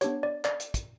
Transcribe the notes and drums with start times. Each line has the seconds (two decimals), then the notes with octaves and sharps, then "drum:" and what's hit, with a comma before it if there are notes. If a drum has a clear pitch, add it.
0.01 B3 D4 G4 C#5, drum: hi-hat
0.23 D5
0.45 D5, drum: clap
0.60 drum: hi-hat
0.74 drum: kick, hi-hat